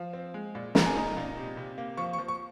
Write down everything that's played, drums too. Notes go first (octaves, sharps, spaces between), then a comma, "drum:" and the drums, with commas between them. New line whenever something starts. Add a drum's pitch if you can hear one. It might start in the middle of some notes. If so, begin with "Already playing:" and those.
Already playing: F3
C4
G#3
A#2
A#2 A#5, drum: snare
G#5
D#4 A#5
A#2
C3
C3
A#3
F3 C#6
C#6
F3
C#6